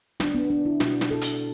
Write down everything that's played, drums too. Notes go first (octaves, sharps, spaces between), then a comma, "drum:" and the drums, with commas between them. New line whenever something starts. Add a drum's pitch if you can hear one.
B3 D4, drum: snare
B3
B3 D4
E4
B2 F#4, drum: snare
drum: snare
B3 A4
drum: hi-hat